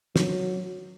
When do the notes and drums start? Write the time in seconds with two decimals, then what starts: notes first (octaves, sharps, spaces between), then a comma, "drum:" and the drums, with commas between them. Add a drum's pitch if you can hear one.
0.16 F#3, drum: snare